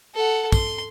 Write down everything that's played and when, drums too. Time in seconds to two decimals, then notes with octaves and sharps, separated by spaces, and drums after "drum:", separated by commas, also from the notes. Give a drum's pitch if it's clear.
0.14 A4 F#5
0.52 C6, drum: kick, tambourine